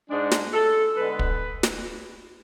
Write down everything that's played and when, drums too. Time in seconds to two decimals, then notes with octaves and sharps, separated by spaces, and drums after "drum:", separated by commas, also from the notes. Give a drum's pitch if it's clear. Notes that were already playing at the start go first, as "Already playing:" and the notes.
0.09 G#2 G#3 D4
0.31 drum: snare
0.54 A4
0.97 D3 G#3 B3 B4
1.19 drum: kick
1.63 drum: snare